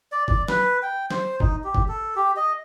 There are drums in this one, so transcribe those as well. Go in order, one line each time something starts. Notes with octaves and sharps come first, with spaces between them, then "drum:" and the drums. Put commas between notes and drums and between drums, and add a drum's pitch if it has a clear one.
D5
D5, drum: kick
B4, drum: snare
G5
C5, drum: snare
D#4, drum: kick
G4
drum: kick
A4
G4
D#5